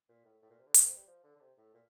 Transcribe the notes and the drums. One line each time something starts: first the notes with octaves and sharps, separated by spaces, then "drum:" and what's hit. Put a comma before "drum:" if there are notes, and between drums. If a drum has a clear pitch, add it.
A#2
A2
A2
A#2
C3
D3
A3, drum: hi-hat
C4
G3
F3
D3
D3
C3
A2
A#2